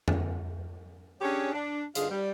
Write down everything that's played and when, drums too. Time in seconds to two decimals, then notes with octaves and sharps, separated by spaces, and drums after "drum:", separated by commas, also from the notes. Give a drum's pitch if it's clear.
0.08 drum: tom F2
1.21 C#4 D4 G4 G#4 C#5
1.53 D4
1.95 G2 D3 D#4 F4 G#4 F5, drum: hi-hat
2.10 G3